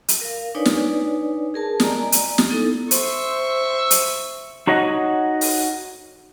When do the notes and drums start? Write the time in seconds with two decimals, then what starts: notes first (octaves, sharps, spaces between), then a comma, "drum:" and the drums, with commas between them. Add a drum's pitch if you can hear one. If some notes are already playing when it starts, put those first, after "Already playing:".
0.08 drum: hi-hat
0.21 A#4 F5
0.55 D4 D#4 B4 C#5 D5 G#5
0.65 drum: snare
1.54 G#4 A#4 A5
1.80 D5 D#5 G#5 A#5, drum: snare
2.12 drum: hi-hat
2.38 drum: snare
2.50 B3 D#4 E4 A4
2.91 C5 E5 C#6, drum: hi-hat
3.91 drum: hi-hat
4.67 D#4 F#4 C#5 D#5 F#5
5.41 drum: open hi-hat